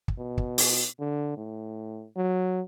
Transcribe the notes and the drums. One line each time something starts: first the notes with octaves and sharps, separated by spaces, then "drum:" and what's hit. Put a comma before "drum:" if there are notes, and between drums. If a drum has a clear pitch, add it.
drum: kick
B2
drum: kick
drum: open hi-hat
D3
A2
F#3